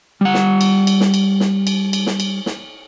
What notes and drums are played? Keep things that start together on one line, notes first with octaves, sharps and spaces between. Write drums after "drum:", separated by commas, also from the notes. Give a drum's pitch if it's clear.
G3 F#5
drum: snare
drum: cymbal
drum: cymbal
drum: snare
drum: cymbal
drum: snare
drum: cymbal
drum: cymbal
drum: snare
drum: cymbal
drum: snare